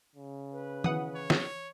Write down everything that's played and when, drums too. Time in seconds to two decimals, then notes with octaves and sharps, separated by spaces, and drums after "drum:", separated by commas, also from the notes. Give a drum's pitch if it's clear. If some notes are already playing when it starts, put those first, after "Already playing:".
0.16 C#3
0.52 B4
0.84 E3 F#5 D#6, drum: tom D#3
1.15 C#5
1.30 drum: snare